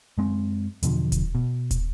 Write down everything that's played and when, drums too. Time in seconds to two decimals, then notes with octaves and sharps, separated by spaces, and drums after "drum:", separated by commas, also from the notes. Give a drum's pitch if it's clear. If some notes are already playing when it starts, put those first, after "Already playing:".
0.18 F#2 G#3 C4
0.83 E2 B2 D3 F3, drum: hi-hat
1.12 drum: kick D#1, hi-hat
1.35 B2
1.71 drum: kick D#1, hi-hat